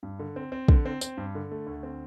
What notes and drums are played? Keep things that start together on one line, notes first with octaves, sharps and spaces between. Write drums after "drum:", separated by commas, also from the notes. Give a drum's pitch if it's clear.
G2
D3
C4
C4
D3, drum: kick
C4
C4, drum: tambourine
G2
D3
A3
D2
C4